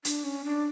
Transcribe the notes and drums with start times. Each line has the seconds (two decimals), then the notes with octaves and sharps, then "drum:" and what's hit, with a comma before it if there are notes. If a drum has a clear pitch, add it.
0.05 D4, drum: hi-hat
0.24 C#4
0.45 D4